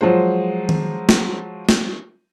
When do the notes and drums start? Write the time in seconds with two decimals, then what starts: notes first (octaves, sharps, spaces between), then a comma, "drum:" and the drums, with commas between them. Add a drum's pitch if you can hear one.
0.01 F3 F#3 G#3 C5
0.69 drum: tom D#3
1.09 drum: snare
1.69 drum: snare